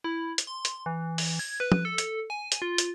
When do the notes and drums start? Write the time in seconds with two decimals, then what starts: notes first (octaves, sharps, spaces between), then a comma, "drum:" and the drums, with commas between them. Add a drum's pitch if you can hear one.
0.04 E4
0.38 drum: hi-hat
0.47 C6
0.65 drum: hi-hat
0.86 E3
1.18 drum: open hi-hat
1.39 G#6
1.60 B4
1.72 drum: tom
1.85 A4
1.98 drum: hi-hat
2.30 G#5
2.52 drum: hi-hat
2.62 F4
2.78 drum: hi-hat